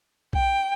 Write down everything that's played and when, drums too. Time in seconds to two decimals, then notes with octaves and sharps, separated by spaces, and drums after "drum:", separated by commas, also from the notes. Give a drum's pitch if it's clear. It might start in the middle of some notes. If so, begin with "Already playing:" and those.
0.33 G5, drum: kick B1